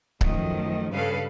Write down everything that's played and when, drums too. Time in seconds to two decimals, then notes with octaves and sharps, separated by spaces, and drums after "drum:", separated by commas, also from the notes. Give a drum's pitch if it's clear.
0.21 F#2 D#3 F3 A3, drum: kick C#1
0.91 G2 C#3 A4 B4 F5